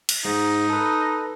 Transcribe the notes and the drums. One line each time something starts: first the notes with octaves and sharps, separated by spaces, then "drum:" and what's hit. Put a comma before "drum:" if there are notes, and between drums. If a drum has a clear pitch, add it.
drum: cymbal
G#2 D#4
A4 B4